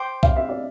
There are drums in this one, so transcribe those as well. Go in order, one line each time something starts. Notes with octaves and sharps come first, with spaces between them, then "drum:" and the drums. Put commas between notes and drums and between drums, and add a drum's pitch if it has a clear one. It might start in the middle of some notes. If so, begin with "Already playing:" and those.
Already playing: C5 G5 D6
F5, drum: kick B1
E5
D5